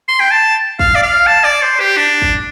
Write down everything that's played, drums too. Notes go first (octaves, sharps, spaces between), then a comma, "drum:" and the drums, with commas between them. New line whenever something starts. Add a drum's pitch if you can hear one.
C6
G5
A5
F5, drum: kick
D5
F5
A5
D5
C5
G4
D4
drum: kick